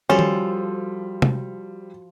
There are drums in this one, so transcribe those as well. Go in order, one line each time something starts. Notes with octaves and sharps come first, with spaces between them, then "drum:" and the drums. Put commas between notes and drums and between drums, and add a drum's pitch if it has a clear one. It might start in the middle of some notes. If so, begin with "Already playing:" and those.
F3 G3 C#4 F#4 A4
drum: tom D#3
drum: tom C3